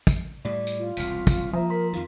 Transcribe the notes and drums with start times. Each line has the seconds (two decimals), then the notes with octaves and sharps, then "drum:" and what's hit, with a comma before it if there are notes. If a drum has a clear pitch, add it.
0.07 drum: kick, tambourine
0.45 A2 G3 D5
0.67 drum: tambourine
0.79 F4
0.97 E1 C2 F6 B6, drum: tambourine
1.27 drum: kick, tambourine
1.53 F3 A#3 E5 A#5 D#6
1.70 A#4 C6 B6
1.93 F2 D#3 F4